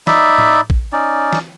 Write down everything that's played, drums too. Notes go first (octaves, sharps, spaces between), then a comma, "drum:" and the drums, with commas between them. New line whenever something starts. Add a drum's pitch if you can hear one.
D#4 D5 E5 B5, drum: snare
drum: tom A2
drum: kick
C#4 D#4 D5
drum: snare